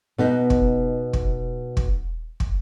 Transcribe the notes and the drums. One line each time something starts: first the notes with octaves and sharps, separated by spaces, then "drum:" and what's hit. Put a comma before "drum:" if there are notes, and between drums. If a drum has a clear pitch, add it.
B2 B3 D#4
drum: kick
drum: kick
drum: kick
drum: kick